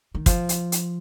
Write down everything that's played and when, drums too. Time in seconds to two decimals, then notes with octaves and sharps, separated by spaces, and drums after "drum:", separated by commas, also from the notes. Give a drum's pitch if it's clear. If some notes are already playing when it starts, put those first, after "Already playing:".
0.15 D#3
0.26 F3, drum: kick, hi-hat
0.49 drum: hi-hat
0.72 drum: hi-hat